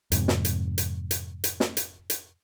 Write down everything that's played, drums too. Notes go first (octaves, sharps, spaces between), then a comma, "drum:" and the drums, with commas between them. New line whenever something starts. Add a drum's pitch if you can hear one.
F2 G#2 C3, drum: hi-hat
drum: snare
drum: hi-hat
drum: hi-hat
drum: hi-hat
drum: hi-hat
drum: snare
drum: hi-hat
drum: hi-hat